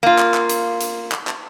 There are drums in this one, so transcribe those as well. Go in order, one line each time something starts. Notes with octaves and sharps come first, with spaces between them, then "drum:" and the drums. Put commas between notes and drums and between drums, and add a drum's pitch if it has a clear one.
A#3 F4
drum: clap
drum: clap
drum: hi-hat
drum: hi-hat
drum: clap
drum: clap